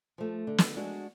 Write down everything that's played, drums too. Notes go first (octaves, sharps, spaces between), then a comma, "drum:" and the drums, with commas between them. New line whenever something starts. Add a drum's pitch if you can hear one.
F3 A3
D3
drum: snare
G#3 D4 F#4